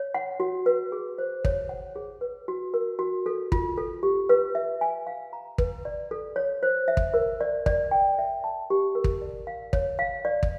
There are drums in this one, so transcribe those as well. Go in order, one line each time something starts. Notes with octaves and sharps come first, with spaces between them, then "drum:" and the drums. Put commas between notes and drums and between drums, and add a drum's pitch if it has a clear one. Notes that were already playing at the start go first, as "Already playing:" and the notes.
Already playing: C#5
F#5
F#4
B4
G#4
C5
C#5, drum: kick
F#5
G#4
B4
F#4
A#4
F#4
A4
F4, drum: kick
A4
G4
B4
E5
G#5
F5
A#5
B4, drum: kick
D5
A4
C#5
C5
E5
drum: kick
A#4
D5
D5, drum: kick
G5
E5
A5
G4
A#4
drum: kick
D5
F5
C#5, drum: kick
F5
D5
drum: kick